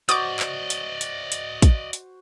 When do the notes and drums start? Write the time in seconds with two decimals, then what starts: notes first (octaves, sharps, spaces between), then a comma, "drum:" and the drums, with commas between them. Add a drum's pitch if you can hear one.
0.09 F#4 C5 D5 D#5 D6 D#6, drum: hi-hat
0.39 drum: clap
0.70 drum: hi-hat
1.01 drum: hi-hat
1.32 drum: hi-hat
1.62 drum: kick, hi-hat
1.93 drum: hi-hat